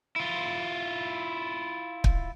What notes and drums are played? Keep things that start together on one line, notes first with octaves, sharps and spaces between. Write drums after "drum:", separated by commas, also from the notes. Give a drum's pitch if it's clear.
E4 F4
drum: kick